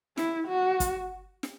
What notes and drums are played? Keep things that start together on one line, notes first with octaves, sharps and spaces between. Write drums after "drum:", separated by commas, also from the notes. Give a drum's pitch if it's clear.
E4, drum: snare
F#4
drum: kick, hi-hat
drum: snare